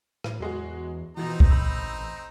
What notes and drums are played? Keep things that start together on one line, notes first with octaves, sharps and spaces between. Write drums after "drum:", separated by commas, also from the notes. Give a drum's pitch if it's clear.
A2, drum: rim click
E2 F#3 G#3 F#4
B2 E3 F3 C4 D#4 F#4 A#5
drum: kick
A1 B5 E6